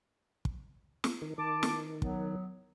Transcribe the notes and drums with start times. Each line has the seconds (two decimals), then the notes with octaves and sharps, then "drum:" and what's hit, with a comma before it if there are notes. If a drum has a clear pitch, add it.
0.45 drum: kick
1.04 drum: snare
1.22 D#3
1.38 D#3 A5 D6
1.63 drum: snare
2.02 F#3 B3, drum: kick